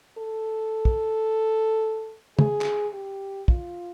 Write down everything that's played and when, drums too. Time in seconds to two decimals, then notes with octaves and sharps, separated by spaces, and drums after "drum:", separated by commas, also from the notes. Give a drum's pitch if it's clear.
0.18 A4
0.85 drum: kick
2.39 G#4, drum: tom C#3
2.61 drum: clap
2.93 G4
3.48 F4, drum: kick